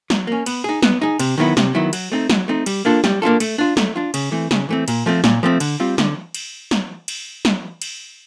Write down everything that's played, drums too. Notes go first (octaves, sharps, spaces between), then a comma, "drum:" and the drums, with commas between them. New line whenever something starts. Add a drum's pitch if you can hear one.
F#3, drum: snare
A#3 C#4
B3, drum: cymbal
D#4 G#4
B3, drum: snare
D#4 G#4
C3, drum: cymbal
D#3 F#3 B3 E4
C3, drum: snare
D#3 F#3 B3 E4
F#3, drum: cymbal
A3 C4 D#4
F#3, drum: snare
A3 C4 D#4
G3, drum: cymbal
A#3 D4 F4 A4
G3, drum: snare
A#3 D4 F4 A4
A3, drum: cymbal
D4 F4
A3, drum: snare
D4 F4
C#3, drum: cymbal
E3 A3 C4
C#3, drum: snare
E3 A3 C4
A#2, drum: cymbal
F3 A3 C4
A#2, drum: snare
F3 A3 C4
D3, drum: cymbal
G3 C4 F4
D3, drum: snare
drum: cymbal
drum: snare
drum: cymbal
drum: snare
drum: cymbal